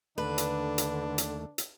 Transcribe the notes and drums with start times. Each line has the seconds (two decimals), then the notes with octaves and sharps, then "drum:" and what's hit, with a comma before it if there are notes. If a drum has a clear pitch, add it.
0.18 D#2 D3 A3 D4 B4
0.38 drum: hi-hat
0.78 drum: hi-hat
1.18 drum: hi-hat
1.58 drum: hi-hat